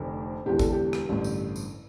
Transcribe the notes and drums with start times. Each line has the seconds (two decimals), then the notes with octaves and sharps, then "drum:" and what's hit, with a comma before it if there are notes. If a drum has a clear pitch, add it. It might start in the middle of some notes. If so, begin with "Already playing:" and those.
Already playing: F1 F2 D3 A3 C4
0.46 E1 E2 D3 G4
0.59 A4, drum: kick, tambourine
0.72 G4
0.93 drum: rim click
1.09 A1 G2 D3 A3
1.24 drum: tambourine
1.56 drum: tambourine